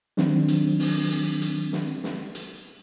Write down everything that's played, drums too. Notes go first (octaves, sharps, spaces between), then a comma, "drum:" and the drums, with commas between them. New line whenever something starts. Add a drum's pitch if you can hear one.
D#3 F#3 C4 D4, drum: snare
drum: hi-hat
drum: open hi-hat
drum: hi-hat
drum: hi-hat
drum: snare
drum: snare
drum: hi-hat